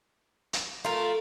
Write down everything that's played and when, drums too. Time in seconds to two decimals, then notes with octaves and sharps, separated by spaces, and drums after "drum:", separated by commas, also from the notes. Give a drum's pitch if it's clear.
0.53 drum: hi-hat
0.85 A3 F4 A#4